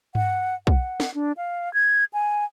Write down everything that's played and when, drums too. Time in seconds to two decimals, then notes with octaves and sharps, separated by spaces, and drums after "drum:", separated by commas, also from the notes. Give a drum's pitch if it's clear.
0.15 F#5, drum: tom G2
0.67 F#5, drum: kick
1.00 drum: snare
1.14 D4
1.37 F5
1.74 G#6
2.13 G#5